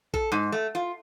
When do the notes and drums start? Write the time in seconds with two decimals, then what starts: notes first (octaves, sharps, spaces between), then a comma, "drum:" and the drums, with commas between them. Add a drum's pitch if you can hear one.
0.14 A4, drum: kick A#1
0.32 G#2
0.52 A3
0.75 F4